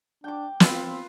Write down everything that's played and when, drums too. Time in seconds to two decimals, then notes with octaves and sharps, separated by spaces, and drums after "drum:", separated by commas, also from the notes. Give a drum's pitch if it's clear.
0.24 D4 G5 D6
0.60 C4 F4 B4, drum: snare